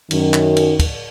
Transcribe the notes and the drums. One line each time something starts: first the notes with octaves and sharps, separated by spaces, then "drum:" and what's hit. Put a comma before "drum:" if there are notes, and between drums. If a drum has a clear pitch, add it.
F#2 D#3, drum: cymbal
drum: clap
drum: cymbal
drum: kick, cymbal